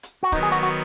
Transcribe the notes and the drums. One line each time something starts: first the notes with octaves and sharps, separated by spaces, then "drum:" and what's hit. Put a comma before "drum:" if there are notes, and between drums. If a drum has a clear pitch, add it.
drum: hi-hat
F#4
D#3 F#3 B3 D#4, drum: kick C#1, hi-hat
G#4
F#4
F#4, drum: hi-hat